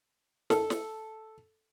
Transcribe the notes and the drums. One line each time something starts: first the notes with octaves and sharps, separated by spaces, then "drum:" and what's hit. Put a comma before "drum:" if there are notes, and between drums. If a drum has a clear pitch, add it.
A4, drum: snare
drum: snare